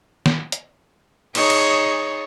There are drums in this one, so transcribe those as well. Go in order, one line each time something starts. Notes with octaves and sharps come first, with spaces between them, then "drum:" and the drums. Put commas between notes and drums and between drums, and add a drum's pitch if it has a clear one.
drum: snare
drum: hi-hat
D#4 G#4 C#5, drum: cymbal
drum: cymbal